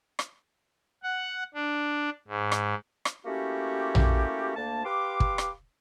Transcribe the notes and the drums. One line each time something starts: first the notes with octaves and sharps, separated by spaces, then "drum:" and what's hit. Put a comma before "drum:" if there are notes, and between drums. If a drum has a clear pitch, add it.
drum: rim click
F#5
D4
G#2
drum: rim click
drum: rim click
A3 A#3 C#4 E4 F#4 G4
drum: tom A#1
D2 A#3 A5
G4 B4 F5 C6 D6
drum: kick
drum: rim click